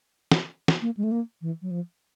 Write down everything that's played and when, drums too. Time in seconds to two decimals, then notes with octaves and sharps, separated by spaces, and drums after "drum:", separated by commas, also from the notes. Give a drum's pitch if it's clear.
0.32 drum: snare
0.68 drum: snare
0.82 A#3
0.97 G#3
1.04 A3
1.11 A#3
1.42 E3
1.62 F#3
1.71 F3